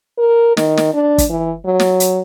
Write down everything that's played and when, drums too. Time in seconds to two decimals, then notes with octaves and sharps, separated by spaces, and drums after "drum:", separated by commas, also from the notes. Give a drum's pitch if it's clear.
0.18 A#4
0.57 D#3, drum: snare
0.77 drum: snare
0.94 D4
1.18 drum: kick, hi-hat
1.30 E3
1.65 F#3
1.80 drum: snare
2.00 drum: hi-hat